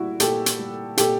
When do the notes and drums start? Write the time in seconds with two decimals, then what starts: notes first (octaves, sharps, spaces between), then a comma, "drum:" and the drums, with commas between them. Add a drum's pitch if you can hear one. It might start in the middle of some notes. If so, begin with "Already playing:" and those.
Already playing: A#2 G3 E4 F#4
0.20 A#2 G4 A4, drum: hi-hat
0.46 drum: hi-hat
0.59 G3
0.97 A#2 G4 A4, drum: hi-hat